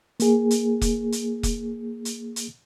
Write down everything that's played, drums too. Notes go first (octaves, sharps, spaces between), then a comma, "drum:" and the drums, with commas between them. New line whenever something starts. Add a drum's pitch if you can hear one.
A#3 G#4, drum: hi-hat
drum: hi-hat
drum: kick, hi-hat
drum: hi-hat
drum: kick, hi-hat
drum: hi-hat
drum: hi-hat